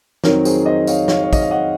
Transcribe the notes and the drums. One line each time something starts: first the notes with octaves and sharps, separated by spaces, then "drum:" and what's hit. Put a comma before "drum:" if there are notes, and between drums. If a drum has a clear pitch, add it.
F2 D#3 F#3 C4 D#4 A#4 C#5, drum: snare
G#4 C5, drum: tambourine
C5 D#5
C#5 F5, drum: tambourine
C#5 F5, drum: snare
C#5
D#5, drum: kick, tambourine
F5
D#5 F#5